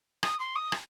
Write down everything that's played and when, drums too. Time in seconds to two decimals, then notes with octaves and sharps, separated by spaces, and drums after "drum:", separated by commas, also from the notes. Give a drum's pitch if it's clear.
0.23 D#6, drum: rim click
0.39 C6
0.56 D#6
0.72 drum: rim click